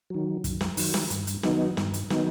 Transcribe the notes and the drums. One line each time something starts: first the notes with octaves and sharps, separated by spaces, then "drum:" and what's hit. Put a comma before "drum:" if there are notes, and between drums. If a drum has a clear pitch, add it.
D#3 F#3
F#2, drum: kick, hi-hat
drum: snare
D#3 F#3, drum: open hi-hat
drum: snare
G2, drum: hi-hat
drum: hi-hat
D#3 F#3 B3 D#4, drum: snare
G2, drum: snare
drum: hi-hat
D#3 F#3 B3 D#4, drum: snare